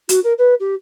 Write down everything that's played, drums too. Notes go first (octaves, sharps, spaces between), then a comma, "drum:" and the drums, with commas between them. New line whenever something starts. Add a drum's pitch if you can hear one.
F#4, drum: hi-hat
A#4
B4
G4